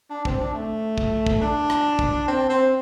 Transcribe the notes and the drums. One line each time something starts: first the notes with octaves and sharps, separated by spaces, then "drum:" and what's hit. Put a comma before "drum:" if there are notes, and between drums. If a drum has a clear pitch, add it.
D4
C4, drum: kick
D4
A3
drum: kick
drum: kick
D4
drum: rim click
drum: kick
C4
C4